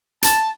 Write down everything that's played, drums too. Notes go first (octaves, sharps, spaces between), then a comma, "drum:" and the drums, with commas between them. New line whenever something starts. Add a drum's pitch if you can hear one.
A5, drum: hi-hat